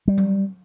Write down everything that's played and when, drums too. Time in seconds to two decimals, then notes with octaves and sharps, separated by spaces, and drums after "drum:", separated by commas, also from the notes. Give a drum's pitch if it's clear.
0.08 G3
0.18 drum: tom F#3